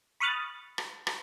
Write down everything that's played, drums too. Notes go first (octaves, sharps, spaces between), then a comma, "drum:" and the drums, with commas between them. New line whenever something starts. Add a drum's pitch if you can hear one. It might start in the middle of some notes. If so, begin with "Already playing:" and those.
B5 C#6 D#6 F6 F#6 A6
drum: rim click
drum: rim click